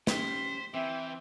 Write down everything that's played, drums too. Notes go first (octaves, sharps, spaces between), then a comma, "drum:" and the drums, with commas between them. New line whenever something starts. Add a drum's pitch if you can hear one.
C#4 G4 C5 B6, drum: snare
E3 C4 E5 G5